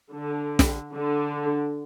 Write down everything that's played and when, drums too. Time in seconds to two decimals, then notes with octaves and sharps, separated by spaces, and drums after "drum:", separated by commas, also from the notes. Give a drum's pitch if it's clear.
0.13 D3
0.59 drum: snare
0.94 D3